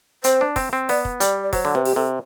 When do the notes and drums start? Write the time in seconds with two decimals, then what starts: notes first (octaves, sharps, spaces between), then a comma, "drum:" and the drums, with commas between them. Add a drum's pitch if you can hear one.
0.24 C4 C5, drum: hi-hat
0.41 D4
0.56 C4, drum: kick, open hi-hat
0.73 C4
0.89 B3 D5, drum: open hi-hat
1.05 drum: kick
1.20 G3 D5, drum: hi-hat
1.44 D5
1.53 F#3 C5, drum: kick, open hi-hat
1.65 D3
1.75 C3 B4
1.85 G4, drum: open hi-hat
1.96 C3 A4